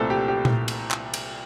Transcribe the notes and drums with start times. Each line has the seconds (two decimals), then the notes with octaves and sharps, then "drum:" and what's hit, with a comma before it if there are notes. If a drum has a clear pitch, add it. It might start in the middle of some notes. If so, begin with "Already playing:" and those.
Already playing: C2 A#2 A3 C4 A4
0.10 G4
0.28 G4
0.45 drum: tom A#2
0.68 drum: cymbal
0.91 drum: clap
1.14 drum: cymbal